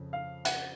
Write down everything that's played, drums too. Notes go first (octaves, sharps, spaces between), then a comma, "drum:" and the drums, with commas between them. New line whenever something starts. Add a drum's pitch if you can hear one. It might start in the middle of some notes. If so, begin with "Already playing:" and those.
Already playing: F2 C#3 F3
F5
F#5, drum: hi-hat